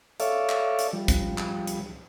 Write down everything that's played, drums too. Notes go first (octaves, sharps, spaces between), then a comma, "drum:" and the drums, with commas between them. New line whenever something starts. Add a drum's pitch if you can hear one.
A4 C#5 D5 E5 F5, drum: hi-hat
drum: clap
drum: hi-hat
F3 G3
drum: kick, hi-hat
drum: clap
drum: hi-hat